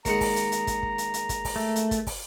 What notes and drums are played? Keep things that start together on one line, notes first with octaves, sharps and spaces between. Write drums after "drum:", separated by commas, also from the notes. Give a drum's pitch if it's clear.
D#2 G#3 F#5 A#5, drum: kick, hi-hat
drum: kick, open hi-hat
drum: hi-hat
drum: hi-hat
drum: kick, hi-hat
drum: kick
drum: hi-hat
drum: hi-hat
drum: kick, hi-hat
drum: kick, open hi-hat
A3
drum: hi-hat
drum: kick, hi-hat
drum: kick, open hi-hat